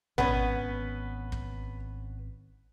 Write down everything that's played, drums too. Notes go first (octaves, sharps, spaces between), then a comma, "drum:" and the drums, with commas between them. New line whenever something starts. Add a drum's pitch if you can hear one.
G#1 B3 C#4 B4, drum: tom
drum: kick